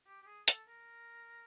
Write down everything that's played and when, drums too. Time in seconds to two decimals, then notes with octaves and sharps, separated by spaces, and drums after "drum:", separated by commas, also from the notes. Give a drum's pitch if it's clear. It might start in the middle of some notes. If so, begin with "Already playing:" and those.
0.07 G4
0.22 G4
0.26 G#4
0.48 A4, drum: hi-hat
0.69 A#4